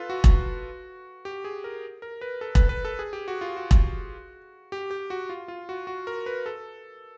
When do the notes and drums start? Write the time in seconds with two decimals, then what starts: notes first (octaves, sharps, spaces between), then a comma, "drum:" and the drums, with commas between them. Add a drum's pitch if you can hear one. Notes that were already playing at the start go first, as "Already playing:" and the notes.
Already playing: F4 A4 B4
0.10 F#4
0.24 drum: kick E1
1.25 G4
1.44 G#4
1.64 A#4
2.02 A#4
2.21 B4
2.41 A4
2.55 B4, drum: kick E1
2.69 B4
2.85 A4
2.99 G#4
3.13 G4
3.28 F#4
3.41 F4
3.56 F#4
3.71 drum: kick E1
4.72 G4
4.91 G4
5.10 F#4
5.29 F4
5.48 F4
5.69 F#4
5.87 F#4
6.07 A#4
6.26 B4
6.46 A4